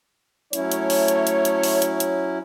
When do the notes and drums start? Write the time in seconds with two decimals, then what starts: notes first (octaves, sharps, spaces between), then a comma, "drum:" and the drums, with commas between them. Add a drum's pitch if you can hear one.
0.53 F#3 A3 C#4 E4 C#5, drum: hi-hat
0.71 drum: hi-hat
0.90 drum: open hi-hat
1.08 drum: hi-hat
1.27 drum: hi-hat
1.45 drum: hi-hat
1.63 drum: open hi-hat
1.82 drum: hi-hat
2.00 drum: hi-hat